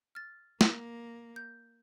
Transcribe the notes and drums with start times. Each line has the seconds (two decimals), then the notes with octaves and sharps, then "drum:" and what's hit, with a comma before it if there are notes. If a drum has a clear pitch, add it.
0.15 F6 A6
0.61 A#3, drum: snare
1.36 G6